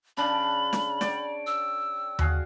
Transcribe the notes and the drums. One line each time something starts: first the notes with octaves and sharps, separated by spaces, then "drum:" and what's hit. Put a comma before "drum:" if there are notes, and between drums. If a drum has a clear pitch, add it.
C#3 D4 A5 B5
drum: snare
C#5 D5 G5, drum: snare
E6
F#4 G#4 F5, drum: tom D#2